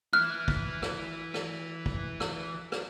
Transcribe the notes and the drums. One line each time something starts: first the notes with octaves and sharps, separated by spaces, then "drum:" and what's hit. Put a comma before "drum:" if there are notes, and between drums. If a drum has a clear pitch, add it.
E3 E4 F6 F#6
drum: kick
drum: rim click
drum: rim click
drum: kick
drum: rim click
drum: rim click